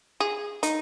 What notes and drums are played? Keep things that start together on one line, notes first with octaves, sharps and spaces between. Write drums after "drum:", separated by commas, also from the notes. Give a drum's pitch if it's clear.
G#4
D#4, drum: hi-hat